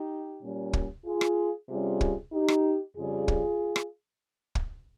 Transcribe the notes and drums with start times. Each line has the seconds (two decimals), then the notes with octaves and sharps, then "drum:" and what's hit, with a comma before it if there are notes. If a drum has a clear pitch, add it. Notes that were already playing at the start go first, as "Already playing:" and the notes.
Already playing: D#4 G4
0.41 A#2 G3 C#4
0.73 drum: kick
1.05 F4 G#4
1.21 drum: rim click
1.69 C3 G3 C#4 F4 G#4
2.01 drum: kick
2.32 D#4 G4
2.48 drum: rim click
2.96 F2 C#3 G3 F4 G#4
3.28 drum: kick
3.76 drum: rim click
4.55 drum: kick